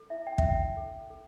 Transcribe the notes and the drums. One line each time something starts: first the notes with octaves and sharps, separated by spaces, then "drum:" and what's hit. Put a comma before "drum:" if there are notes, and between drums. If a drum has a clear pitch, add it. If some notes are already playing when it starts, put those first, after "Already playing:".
Already playing: A4
E4 E5
G5
D4 E5, drum: kick
G5
A4
A4